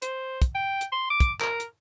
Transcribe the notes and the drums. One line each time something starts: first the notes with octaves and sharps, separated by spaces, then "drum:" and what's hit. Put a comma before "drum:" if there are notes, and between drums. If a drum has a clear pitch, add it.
C5, drum: hi-hat
drum: kick, hi-hat
G5
drum: hi-hat
C6
D6
drum: kick, hi-hat
A#4, drum: clap
drum: hi-hat